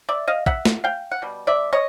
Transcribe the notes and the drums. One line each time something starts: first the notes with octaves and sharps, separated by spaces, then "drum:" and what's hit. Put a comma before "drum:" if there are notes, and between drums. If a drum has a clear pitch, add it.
D5 E5
D#5 F5
E5 F#5, drum: kick
drum: snare
F5 G5
F#5
B2 G3
D5 E5
C#5 D#5